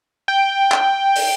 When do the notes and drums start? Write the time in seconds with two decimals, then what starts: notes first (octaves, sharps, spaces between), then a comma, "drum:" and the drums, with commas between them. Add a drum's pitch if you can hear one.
0.28 G5
0.72 drum: clap
1.16 drum: open hi-hat